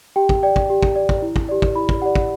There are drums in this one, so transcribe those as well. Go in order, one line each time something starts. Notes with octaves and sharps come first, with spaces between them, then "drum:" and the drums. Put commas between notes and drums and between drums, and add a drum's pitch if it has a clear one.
G4 G5
drum: kick
D5 G5
drum: kick
G4
drum: kick
D5
drum: kick
E4
drum: kick
G4 D5
drum: kick
E4 B5
drum: kick
G4 D5 F#5
drum: kick